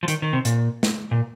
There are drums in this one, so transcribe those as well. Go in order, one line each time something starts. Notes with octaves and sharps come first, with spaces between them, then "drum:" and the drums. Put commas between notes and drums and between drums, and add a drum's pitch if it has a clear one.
F3
D#3, drum: hi-hat
D#3
C3
A#2, drum: hi-hat
drum: snare
A#2